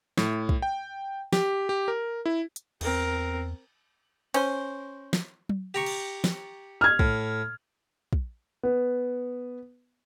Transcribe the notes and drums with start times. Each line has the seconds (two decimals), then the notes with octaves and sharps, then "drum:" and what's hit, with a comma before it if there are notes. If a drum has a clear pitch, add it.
0.18 A2, drum: snare
0.49 drum: kick
0.62 G5
1.33 G4, drum: snare
1.69 G4
1.88 A#4
2.26 E4
2.56 drum: hi-hat
2.81 E2 C4 A#4, drum: cymbal
4.34 C#4 C5, drum: cymbal
5.13 drum: snare
5.49 drum: tom F#3
5.74 G4 A#5 C#6
5.86 drum: cymbal
6.24 drum: snare
6.81 F6 G#6
6.99 A2, drum: kick
8.13 drum: kick
8.63 B3